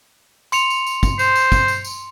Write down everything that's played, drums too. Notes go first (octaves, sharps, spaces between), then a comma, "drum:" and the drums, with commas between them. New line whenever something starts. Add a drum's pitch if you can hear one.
C6 C#7 F7, drum: tambourine
drum: tambourine
drum: tambourine
drum: kick, tambourine
C5, drum: tambourine
drum: tambourine
drum: kick, tambourine
drum: tambourine
drum: tambourine